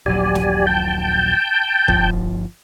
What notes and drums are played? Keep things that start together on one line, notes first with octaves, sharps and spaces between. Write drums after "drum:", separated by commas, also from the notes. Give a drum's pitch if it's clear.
D#1 A#1 F#3 G4 D5 G#5
drum: snare
G5 A5 G6
G1 F3, drum: kick